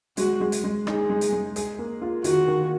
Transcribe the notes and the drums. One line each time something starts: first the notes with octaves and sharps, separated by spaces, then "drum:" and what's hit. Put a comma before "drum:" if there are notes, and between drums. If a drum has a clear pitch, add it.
G#3 F#4, drum: hi-hat
G#3
drum: hi-hat
G#3
D#4 G#4, drum: rim click
G#3
drum: hi-hat
G#3
G#4, drum: hi-hat
A#3
F4
D#3 F#4, drum: hi-hat
D#3